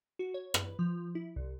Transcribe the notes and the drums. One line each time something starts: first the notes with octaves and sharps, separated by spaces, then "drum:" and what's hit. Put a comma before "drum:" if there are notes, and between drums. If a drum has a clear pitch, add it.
F#4
C#5
B4, drum: rim click
F3
E4
C2